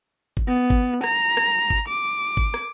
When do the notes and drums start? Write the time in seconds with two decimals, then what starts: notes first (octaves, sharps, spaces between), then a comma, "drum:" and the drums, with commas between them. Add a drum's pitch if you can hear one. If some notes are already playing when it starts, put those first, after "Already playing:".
0.37 drum: kick G#1
0.48 B3
0.70 drum: kick G#1
1.04 A#5, drum: rim click
1.37 drum: rim click
1.70 drum: kick G#1
1.88 D6
2.37 drum: kick G#1
2.54 drum: rim click